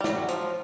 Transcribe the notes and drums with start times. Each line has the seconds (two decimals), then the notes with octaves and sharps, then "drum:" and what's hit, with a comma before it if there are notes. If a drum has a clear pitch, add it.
0.01 G3
0.04 F#3, drum: snare
0.29 F3, drum: hi-hat